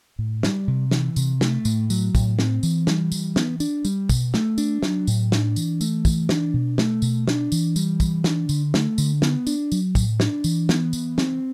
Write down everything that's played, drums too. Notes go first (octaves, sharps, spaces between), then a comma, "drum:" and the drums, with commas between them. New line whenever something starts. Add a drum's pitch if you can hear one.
A2
G3, drum: snare
C3
E3, drum: snare
C3, drum: tambourine
A3, drum: snare
A2, drum: tambourine
F#3, drum: tambourine
A2, drum: kick, tambourine
C4, drum: snare
E3, drum: tambourine
G3, drum: snare
E3, drum: tambourine
B3, drum: snare
D4, drum: tambourine
G3, drum: tambourine
B2, drum: kick, tambourine
A3, drum: snare
D4, drum: tambourine
F#3, drum: snare
A2, drum: tambourine
D4, drum: snare
E3, drum: tambourine
A3, drum: tambourine
E3, drum: kick, tambourine
D4, drum: snare
B2
A3, drum: snare
B2, drum: tambourine
D4, drum: snare
E3, drum: tambourine
G3, drum: tambourine
E3, drum: kick, tambourine
D4, drum: snare
D3, drum: tambourine
A3, drum: snare
D3, drum: tambourine
B3, drum: snare
D4, drum: tambourine
F#3, drum: tambourine
A2, drum: kick, tambourine
D4, drum: snare
E3, drum: tambourine
B3, drum: snare
E3, drum: tambourine
C4, drum: snare